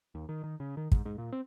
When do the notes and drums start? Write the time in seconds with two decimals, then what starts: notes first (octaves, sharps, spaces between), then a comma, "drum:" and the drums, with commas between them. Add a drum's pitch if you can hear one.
0.15 D#2
0.29 D#3
0.44 D#3
0.60 C#3
0.77 D#3
0.92 G#2, drum: kick
1.05 G#2
1.18 A#2
1.32 C4